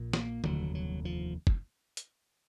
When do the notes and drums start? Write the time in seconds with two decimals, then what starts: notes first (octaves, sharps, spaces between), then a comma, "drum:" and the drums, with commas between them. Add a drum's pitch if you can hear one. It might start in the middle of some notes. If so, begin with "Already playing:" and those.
Already playing: A#1 A#2
0.13 A#3, drum: snare
0.44 F1 D#2 D3 F#3, drum: tom D3
0.75 F#3
1.05 F3
1.47 drum: kick
1.97 drum: hi-hat